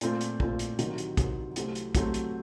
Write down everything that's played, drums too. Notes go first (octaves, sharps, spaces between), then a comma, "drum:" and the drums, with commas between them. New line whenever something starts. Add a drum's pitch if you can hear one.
A#2 A3 C4 F4, drum: hi-hat
drum: hi-hat
A#2 A3 C4 F4, drum: kick
drum: hi-hat
C2 C3 D#3 F#3 C4, drum: hi-hat
drum: hi-hat
C2 C3 D#3 F#3 C4, drum: kick, hi-hat
C2 C3 F#3 A3 C4, drum: hi-hat
drum: hi-hat
C2 C3 F#3 A3 C4, drum: kick, hi-hat
drum: hi-hat